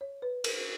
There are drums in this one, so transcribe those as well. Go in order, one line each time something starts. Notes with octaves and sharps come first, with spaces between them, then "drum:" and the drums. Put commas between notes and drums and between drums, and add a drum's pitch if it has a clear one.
C#5
B4
A#4, drum: cymbal